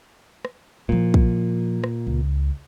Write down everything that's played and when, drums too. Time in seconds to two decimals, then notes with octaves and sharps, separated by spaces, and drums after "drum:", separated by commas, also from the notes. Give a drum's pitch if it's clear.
0.45 drum: rim click
0.89 A#2 F3 E4
1.14 drum: kick
1.84 drum: rim click
2.07 C#2